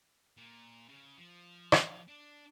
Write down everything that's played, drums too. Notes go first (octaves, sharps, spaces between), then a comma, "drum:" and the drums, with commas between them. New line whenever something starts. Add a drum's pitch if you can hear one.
A#2
C#3
F3
drum: rim click
D4